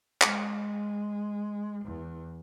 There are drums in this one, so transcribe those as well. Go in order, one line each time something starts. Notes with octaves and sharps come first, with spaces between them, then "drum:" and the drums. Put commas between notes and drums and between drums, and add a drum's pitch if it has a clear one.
G#3, drum: clap
E2